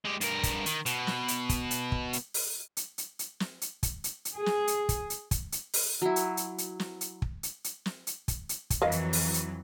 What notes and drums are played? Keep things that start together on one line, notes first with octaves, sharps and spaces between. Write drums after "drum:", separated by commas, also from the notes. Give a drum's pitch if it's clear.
G#3 G4
G2 A#4, drum: hi-hat
drum: kick, hi-hat
D#3, drum: hi-hat
B2, drum: hi-hat
drum: snare
drum: hi-hat
drum: kick, hi-hat
drum: hi-hat
drum: kick
drum: hi-hat
drum: open hi-hat
drum: hi-hat
drum: hi-hat
drum: hi-hat
drum: snare
drum: hi-hat
drum: kick, hi-hat
drum: hi-hat
drum: hi-hat
G#4
drum: snare
drum: hi-hat
drum: kick, hi-hat
drum: hi-hat
drum: kick, hi-hat
drum: hi-hat
drum: open hi-hat
F#3 E4
drum: hi-hat
drum: hi-hat
drum: hi-hat
drum: snare
drum: hi-hat
drum: kick
drum: hi-hat
drum: hi-hat
drum: snare
drum: hi-hat
drum: kick, hi-hat
drum: hi-hat
drum: kick, hi-hat
F2 E3 F#3 A#4 D#5 F5
drum: hi-hat
drum: open hi-hat
drum: hi-hat